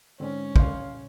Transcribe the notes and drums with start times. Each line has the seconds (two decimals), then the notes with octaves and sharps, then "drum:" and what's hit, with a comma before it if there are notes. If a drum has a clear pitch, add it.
0.20 G#2 D3 C4 C#4
0.56 F5 C6, drum: kick